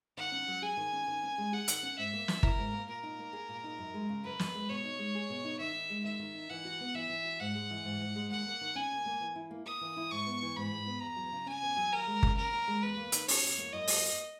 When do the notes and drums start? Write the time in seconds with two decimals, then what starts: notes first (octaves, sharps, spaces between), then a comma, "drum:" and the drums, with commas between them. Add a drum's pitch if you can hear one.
0.17 D#3 F#5
0.32 C#4
0.48 F#3
0.62 G#4 G#5
0.77 D#3
0.93 C#4
1.08 D#3
1.23 C#4
1.38 G#3
1.53 G#4 F#5
1.68 D#3, drum: hi-hat
1.83 C#4
1.98 G#2 E5
2.14 A#3
2.28 E3, drum: snare
2.43 E4 A#4, drum: kick G1
2.58 G#2
2.73 A#3
2.88 A#2 A#4
3.03 D#4
3.19 A#3
3.33 G#4
3.49 A#2
3.64 D#4
3.78 F#2
3.94 G#3
4.09 C#3
4.24 F#2 B4
4.39 F#2, drum: snare
4.54 G#3
4.69 B2 C#5
4.85 D#4
4.99 G#3
5.15 G#4
5.30 B2
5.45 D#4
5.59 D#3 E5
5.75 D#4
5.90 G#3
6.04 D#3 E5
6.19 D#3
6.35 D#4
6.50 E3 F#5
6.65 F#4
6.80 B3
6.94 E3 E5
7.10 E3
7.25 F#4
7.40 G#2 F#5
7.55 G#3
7.70 E3
7.85 G#2
8.00 G#2
8.16 G#3
8.30 D#2 F#5
8.46 A#3
8.61 D#3
8.75 C#4 G#5
8.92 D#2
9.06 A#3
9.20 E3
9.36 E4
9.51 A#3
9.66 A#4 D#6
9.81 E3
9.97 E4
10.11 G#2 C#6
10.27 B3
10.42 E3
10.56 G#2 B5
10.72 G#2
10.86 B3
11.02 E2 A#5
11.16 F#3
11.32 C#3
11.46 C#4 G#5
11.62 E2
11.77 F#3
11.92 D#2 A#4
12.07 G#3
12.23 C#3, drum: kick G1
12.37 D#2 A#4
12.53 D#2
12.68 G#3
12.82 E2 B4
12.97 A#3
13.12 D#3, drum: hi-hat
13.28 C#4 C#5, drum: open hi-hat
13.43 E2
13.58 A#3
13.73 F#2 D#5
13.87 A#3, drum: open hi-hat